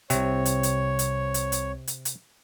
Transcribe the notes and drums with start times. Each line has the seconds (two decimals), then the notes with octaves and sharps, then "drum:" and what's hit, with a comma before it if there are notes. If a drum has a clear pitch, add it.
0.10 C2 C3 C4 C#5, drum: hi-hat
0.45 drum: hi-hat
0.63 drum: hi-hat
0.99 drum: hi-hat
1.34 drum: hi-hat
1.52 drum: hi-hat
1.87 drum: hi-hat
2.05 drum: hi-hat